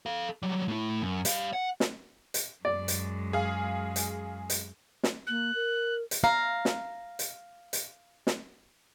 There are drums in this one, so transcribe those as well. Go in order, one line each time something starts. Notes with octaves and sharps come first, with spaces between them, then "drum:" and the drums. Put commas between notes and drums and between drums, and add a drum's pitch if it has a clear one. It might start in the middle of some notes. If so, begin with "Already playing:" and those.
A4 F5
F#3 G3
A2 E4
F#2
G3 F5, drum: hi-hat
F#5
drum: snare
drum: hi-hat
F#2 G#3 D5
drum: hi-hat
G#4 F5
drum: hi-hat
drum: hi-hat
drum: snare
A#3 F#6
A#4
drum: hi-hat
F5 A#5
drum: snare
drum: hi-hat
drum: hi-hat
drum: snare